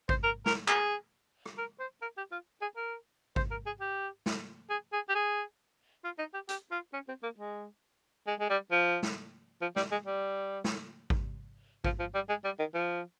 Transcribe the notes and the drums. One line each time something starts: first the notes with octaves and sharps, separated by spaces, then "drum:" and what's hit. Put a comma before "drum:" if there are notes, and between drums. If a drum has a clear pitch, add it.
C5, drum: kick G#1
A#4
A#4, drum: snare
G#4, drum: clap
drum: rim click
A#4
C5
A#4
G4
F4
G#4
A#4
C5, drum: kick G#1
A#4
G#4
G4
drum: snare
G#4
G#4
G4
G#4
F4
D#4
G4
G4, drum: hi-hat
F4
C#4
C4
A#3
G#3
G#3
G#3
G3
F3
drum: snare
F3
G3, drum: snare
G#3
G3
drum: snare
drum: kick G#1
F3, drum: kick G#1
F3
G3
G#3
G3
D#3
F3